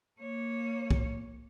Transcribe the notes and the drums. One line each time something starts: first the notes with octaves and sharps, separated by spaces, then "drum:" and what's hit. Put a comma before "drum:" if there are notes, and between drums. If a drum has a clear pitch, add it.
A#3 C#5
drum: kick